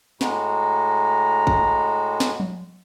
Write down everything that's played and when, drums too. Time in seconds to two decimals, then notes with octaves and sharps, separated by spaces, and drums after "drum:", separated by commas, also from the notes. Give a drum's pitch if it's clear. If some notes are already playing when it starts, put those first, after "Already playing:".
0.21 A2 G#3 F#4 A#5, drum: snare
1.47 drum: kick G#1
2.20 drum: snare
2.40 drum: tom F3